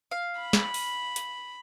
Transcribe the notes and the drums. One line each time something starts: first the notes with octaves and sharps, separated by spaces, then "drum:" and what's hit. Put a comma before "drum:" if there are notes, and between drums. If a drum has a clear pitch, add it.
F5
B5
drum: snare
drum: open hi-hat
drum: hi-hat